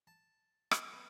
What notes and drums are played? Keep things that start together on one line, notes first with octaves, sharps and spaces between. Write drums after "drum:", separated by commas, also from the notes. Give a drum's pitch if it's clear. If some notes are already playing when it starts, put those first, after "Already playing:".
A5
drum: rim click
B3